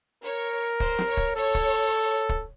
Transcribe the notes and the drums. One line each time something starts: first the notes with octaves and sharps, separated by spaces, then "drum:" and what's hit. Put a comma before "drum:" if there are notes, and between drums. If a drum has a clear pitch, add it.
A#4 C#5
C5, drum: kick
drum: snare
C#5
drum: kick
A4 C#5
drum: kick
drum: kick